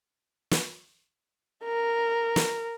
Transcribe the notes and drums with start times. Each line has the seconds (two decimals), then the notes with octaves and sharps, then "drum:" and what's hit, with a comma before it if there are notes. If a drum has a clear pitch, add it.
0.51 drum: snare
1.65 A#4
2.36 drum: snare